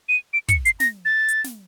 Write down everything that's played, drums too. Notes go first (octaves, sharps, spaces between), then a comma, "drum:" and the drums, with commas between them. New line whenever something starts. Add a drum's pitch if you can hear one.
D#7
D7
C#7, drum: kick, hi-hat
C7, drum: hi-hat
A#6, drum: snare
A6
drum: hi-hat
drum: snare